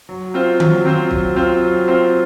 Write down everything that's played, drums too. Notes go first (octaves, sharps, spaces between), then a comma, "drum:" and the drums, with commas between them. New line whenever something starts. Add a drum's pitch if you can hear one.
F#3
C4 F4 C5
F#3, drum: tom D#3
C4 F4 C5
F#3, drum: kick
C4 F4 C5
F#3
C4 F4 C5